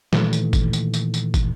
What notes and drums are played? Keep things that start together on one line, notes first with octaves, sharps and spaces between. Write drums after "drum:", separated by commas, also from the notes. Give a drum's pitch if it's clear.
A#2 D#3 E3 A3, drum: snare
drum: tambourine
drum: kick, tambourine
drum: tambourine
drum: tambourine
drum: tambourine
drum: kick, tambourine